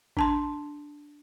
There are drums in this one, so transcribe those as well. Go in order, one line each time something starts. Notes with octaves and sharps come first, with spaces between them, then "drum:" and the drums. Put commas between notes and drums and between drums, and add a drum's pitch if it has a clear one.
D4 A5 C6, drum: kick G#1